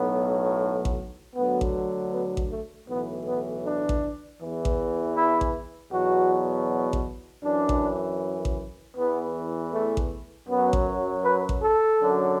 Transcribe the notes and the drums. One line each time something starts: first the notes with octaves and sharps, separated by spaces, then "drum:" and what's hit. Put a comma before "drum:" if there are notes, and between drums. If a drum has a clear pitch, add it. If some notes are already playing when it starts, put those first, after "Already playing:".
Already playing: B1 A2 F#3 B3
drum: kick A1
D2 D3 F#3 B3
drum: kick A1
B3
drum: kick A1
A3
B1 A2 E3 B3
B3
D4
drum: kick A1
E2 E3
drum: kick A1
E4
drum: kick A1
E2 B2 F#3 F#4
drum: kick A1
F#2 E3 D4
drum: kick A1
drum: kick A1
E2 E3 B3
A3
drum: kick A1
F#2 F#3 B3
drum: kick A1
B4
drum: kick A1
A4
F#2 D3 F#3